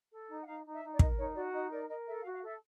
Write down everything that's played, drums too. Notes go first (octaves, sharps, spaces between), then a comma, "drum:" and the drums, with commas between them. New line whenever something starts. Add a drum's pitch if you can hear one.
A4
D#4
F#5
D#4 F5
D#4
E5
D#4
D5
A#4 D#5, drum: kick
D#4 C#5
F#4 D5
D#4 D#5
A#4 D5
A#4 D#5
A4 E5
F5
F#4
F5
A4 E5